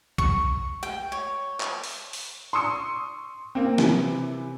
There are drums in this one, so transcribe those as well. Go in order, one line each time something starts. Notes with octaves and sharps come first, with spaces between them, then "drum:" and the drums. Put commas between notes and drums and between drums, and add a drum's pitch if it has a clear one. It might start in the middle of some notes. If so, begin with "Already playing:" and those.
C#6, drum: kick B1
G5
C#5
drum: clap
drum: open hi-hat
drum: open hi-hat
C6 C#6 D#6 E6 C#7
A#3 C4
C3 E3, drum: snare